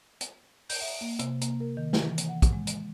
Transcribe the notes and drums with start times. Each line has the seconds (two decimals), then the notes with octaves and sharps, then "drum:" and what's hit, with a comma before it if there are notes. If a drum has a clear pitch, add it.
0.21 drum: hi-hat
0.69 G6, drum: open hi-hat
0.81 E5
1.01 A#3
1.19 C3, drum: hi-hat
1.41 A#3, drum: hi-hat
1.60 A#4
1.77 D#3
1.93 drum: snare
2.04 E3
2.18 drum: hi-hat
2.29 F#5
2.42 drum: kick, hi-hat
2.53 G#3
2.67 drum: hi-hat